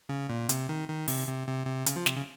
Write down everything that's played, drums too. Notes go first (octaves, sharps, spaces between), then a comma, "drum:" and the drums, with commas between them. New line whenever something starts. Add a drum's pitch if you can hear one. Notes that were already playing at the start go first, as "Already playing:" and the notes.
C#3
A#2
C3, drum: hi-hat
D#3
D#3
C3, drum: open hi-hat
C3
C3
C3
C#3, drum: hi-hat
F3
C3, drum: snare
C#3